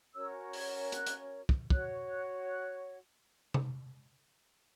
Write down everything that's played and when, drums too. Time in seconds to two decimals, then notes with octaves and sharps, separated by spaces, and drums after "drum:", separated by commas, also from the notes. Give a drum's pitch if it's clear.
0.14 C#4 F#4 A#4 C#5 E6
0.53 G#6, drum: open hi-hat
0.92 F#6, drum: hi-hat
1.06 drum: hi-hat
1.49 drum: kick
1.70 F#4 C#5 F#6, drum: kick
2.10 F#6
2.50 F#6
3.54 drum: tom C3